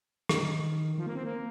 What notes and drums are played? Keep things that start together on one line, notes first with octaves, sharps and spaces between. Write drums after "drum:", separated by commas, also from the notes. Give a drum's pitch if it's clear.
D#3, drum: rim click
F3
A#3
C4
A#3